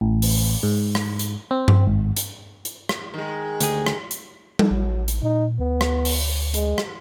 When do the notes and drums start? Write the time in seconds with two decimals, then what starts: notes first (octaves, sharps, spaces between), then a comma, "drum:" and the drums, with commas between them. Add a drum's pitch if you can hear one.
0.01 A1
0.22 drum: open hi-hat
0.63 G#2
0.95 drum: rim click
1.19 drum: hi-hat
1.51 C4
1.68 drum: tom G2
1.87 G#1
2.16 drum: hi-hat
2.65 drum: hi-hat
2.89 drum: rim click
3.14 D#3 G#3
3.60 D2 G4 G#4, drum: hi-hat
3.86 drum: rim click
4.11 drum: hi-hat
4.59 drum: tom G3
4.71 A1 F#3
5.08 drum: hi-hat
5.23 A#2 D#4
5.60 D2 B3
5.81 drum: rim click
6.05 drum: open hi-hat
6.54 G#3, drum: hi-hat
6.78 drum: rim click